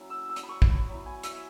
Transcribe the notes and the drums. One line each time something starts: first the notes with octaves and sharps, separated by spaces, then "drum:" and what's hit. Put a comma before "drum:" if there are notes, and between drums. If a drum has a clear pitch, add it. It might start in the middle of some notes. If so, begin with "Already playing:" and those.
Already playing: F#3 A#3 C#4 E4
E6
E6
D#6, drum: hi-hat
B5
C#6
B5, drum: kick
B5
F#3 B3 E4
G#5
E5, drum: hi-hat